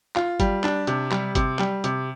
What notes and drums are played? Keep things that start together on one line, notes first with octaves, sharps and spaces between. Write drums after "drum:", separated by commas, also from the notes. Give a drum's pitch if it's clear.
F4, drum: clap
G3, drum: kick G1, hi-hat
D4, drum: clap
C3, drum: hi-hat
G3, drum: clap
C3, drum: kick G1, hi-hat
G3, drum: clap
C3, drum: hi-hat